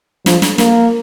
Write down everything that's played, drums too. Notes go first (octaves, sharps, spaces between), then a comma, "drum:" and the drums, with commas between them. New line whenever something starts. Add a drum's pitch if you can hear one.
F3, drum: snare
drum: snare
A#3, drum: snare